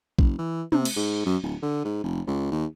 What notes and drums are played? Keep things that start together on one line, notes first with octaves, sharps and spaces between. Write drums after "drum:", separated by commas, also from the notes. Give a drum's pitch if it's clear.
F#1, drum: kick A#1
E3
C3, drum: tom
drum: cymbal
G#2
F#2
D1
D3
G#2
F1
C#2
D#2